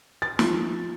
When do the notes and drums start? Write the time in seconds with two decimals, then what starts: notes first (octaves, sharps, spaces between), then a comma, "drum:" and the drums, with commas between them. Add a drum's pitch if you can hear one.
0.22 A6
0.39 F3, drum: snare